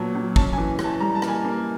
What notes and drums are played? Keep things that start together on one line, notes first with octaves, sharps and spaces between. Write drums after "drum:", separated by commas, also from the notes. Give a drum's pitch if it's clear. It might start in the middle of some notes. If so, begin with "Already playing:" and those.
Already playing: A#2 F#3 B3 A5
F#3
C#4 A5, drum: kick G#1
G#5
E3
E3, drum: rim click
A5
G3 A#5
A5
A#3, drum: rim click
G#5
A#3 A5